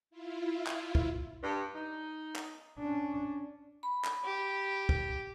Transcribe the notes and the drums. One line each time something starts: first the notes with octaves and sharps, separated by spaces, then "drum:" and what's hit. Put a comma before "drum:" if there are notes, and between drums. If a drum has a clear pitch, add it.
E4 F4
drum: clap
drum: kick
G2
D#4
drum: clap
C#4 D4
B5
drum: clap
G4
drum: kick